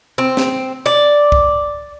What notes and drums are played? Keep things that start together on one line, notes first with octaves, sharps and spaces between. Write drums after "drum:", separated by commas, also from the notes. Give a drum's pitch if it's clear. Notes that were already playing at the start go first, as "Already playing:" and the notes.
C4
drum: snare
D5
drum: kick